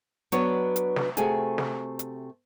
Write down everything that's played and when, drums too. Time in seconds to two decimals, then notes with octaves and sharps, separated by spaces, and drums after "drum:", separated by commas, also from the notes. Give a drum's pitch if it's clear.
0.32 F#3 B3 D4 F#4 B4 C#5, drum: hi-hat
0.76 drum: hi-hat
0.96 drum: snare
1.17 C3 A3 F#4 G#4 G#5, drum: hi-hat
1.58 drum: snare
1.99 drum: hi-hat